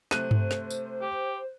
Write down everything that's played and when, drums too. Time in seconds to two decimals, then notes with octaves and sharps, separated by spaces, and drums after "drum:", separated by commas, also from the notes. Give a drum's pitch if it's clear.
0.11 C3 A3 C5 F#6 D#7, drum: snare
0.31 drum: tom G2
0.51 drum: snare
0.70 drum: tambourine
1.01 G4